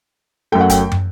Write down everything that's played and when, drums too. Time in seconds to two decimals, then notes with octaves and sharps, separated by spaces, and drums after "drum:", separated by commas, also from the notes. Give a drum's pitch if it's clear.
0.52 F#2 F#3 A3 G5
0.61 F#5
0.70 G5, drum: kick, hi-hat
0.92 drum: tom